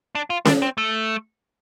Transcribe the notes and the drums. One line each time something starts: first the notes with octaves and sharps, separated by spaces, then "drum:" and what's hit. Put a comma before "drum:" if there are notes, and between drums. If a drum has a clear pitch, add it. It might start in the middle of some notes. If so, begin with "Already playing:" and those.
D4
F4
D4, drum: snare C#4
C4
A3